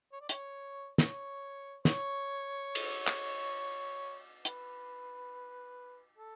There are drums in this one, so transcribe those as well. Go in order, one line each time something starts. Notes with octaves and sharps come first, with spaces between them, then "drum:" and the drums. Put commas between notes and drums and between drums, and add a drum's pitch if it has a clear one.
C#5
D5
C#5, drum: hi-hat
C#5, drum: snare
C#5, drum: snare
drum: cymbal
drum: clap
B4, drum: hi-hat
A4